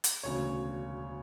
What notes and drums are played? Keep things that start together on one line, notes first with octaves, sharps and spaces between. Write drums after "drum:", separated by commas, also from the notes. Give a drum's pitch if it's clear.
drum: hi-hat
E1 D2 C#3 C#5